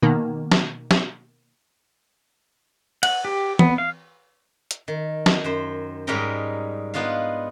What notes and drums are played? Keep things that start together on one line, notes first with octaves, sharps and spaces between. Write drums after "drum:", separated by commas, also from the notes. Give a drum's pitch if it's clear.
B2 D#3 A#3
drum: snare
drum: snare
F#5, drum: cymbal
G4
B3, drum: tom E3
F5
drum: hi-hat
D#3
drum: snare
F#2 C5
G#2 G3 C#4 D#4 A#4 G5
B3 D4 D#4 F4 F5